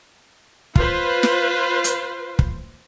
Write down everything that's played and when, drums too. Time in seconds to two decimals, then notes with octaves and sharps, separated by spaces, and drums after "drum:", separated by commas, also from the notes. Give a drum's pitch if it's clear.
0.76 F4 B4 C5, drum: kick
1.23 drum: snare
1.84 drum: hi-hat
2.39 drum: kick